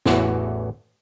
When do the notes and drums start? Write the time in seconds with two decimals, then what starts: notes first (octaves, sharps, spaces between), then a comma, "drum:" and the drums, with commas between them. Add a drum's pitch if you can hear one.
0.06 A1 E2 E3 F#4, drum: snare